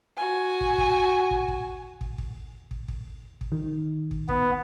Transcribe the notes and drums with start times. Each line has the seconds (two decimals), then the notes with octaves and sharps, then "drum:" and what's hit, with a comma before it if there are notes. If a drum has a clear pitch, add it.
0.17 F#4 G#5
0.61 drum: kick
0.78 drum: kick
1.31 drum: kick
1.48 drum: kick
2.01 drum: kick
2.18 drum: kick
2.71 drum: kick
2.88 drum: kick
3.41 drum: kick
3.52 D#3
4.11 drum: kick
4.29 B3, drum: kick